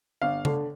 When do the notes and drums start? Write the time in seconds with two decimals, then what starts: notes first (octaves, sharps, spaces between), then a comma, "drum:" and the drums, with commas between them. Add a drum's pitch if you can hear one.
0.22 G1 F5
0.45 D3, drum: tom C#3